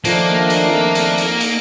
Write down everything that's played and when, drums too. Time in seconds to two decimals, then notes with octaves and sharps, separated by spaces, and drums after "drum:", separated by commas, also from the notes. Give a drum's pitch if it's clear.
0.05 D#3 F3 A3 A#3 D4, drum: cymbal
0.50 drum: cymbal
0.69 F2
0.95 drum: cymbal
1.18 drum: cymbal
1.41 drum: cymbal